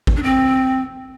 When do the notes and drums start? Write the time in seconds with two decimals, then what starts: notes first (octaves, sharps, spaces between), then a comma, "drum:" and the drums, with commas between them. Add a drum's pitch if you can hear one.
0.07 drum: kick A1
0.16 D4
0.23 C4